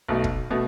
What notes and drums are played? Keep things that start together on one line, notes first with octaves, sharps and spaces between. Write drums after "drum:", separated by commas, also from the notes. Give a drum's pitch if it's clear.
B1 B2 A3
drum: kick
B2 A3